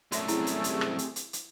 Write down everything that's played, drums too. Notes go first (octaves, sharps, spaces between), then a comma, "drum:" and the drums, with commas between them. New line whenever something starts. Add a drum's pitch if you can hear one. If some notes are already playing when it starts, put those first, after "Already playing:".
C2 F#2 A3 F#4 E5, drum: hi-hat
C4 E4 G4 G#4, drum: hi-hat
drum: hi-hat
drum: hi-hat
drum: rim click
drum: hi-hat
drum: hi-hat
drum: hi-hat